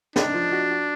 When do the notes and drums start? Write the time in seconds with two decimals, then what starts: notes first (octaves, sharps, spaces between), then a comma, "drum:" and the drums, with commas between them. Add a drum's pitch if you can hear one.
0.16 D4 D#4, drum: snare
0.34 F3
0.52 F#4
0.71 F#4